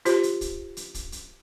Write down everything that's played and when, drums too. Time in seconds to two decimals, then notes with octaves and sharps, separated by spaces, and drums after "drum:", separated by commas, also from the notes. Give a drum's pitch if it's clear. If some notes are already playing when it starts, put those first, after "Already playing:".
0.05 F4 G4 C5, drum: hi-hat
0.23 drum: hi-hat
0.41 drum: kick, hi-hat
0.77 drum: hi-hat
0.94 drum: kick, hi-hat
1.12 drum: hi-hat